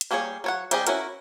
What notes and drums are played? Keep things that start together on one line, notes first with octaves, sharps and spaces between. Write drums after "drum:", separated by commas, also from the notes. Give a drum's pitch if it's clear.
drum: hi-hat
G3 A#3 D4 G#4 C#5
F#3 C#5 F#5
G3 C4 G4 G#4 D#5, drum: hi-hat
C#4 E4 F#4 A#4, drum: hi-hat